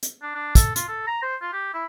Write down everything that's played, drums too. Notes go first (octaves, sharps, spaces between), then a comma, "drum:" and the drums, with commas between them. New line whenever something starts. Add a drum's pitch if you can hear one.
drum: hi-hat
D4
D4
A4, drum: kick, hi-hat
F4, drum: hi-hat
A4
A#5
C5
F4
G4
E4